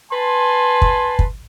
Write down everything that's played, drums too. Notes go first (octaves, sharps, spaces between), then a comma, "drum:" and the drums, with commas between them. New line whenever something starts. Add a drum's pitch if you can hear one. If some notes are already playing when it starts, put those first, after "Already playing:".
B4 G#5 A5 C6
drum: kick
drum: kick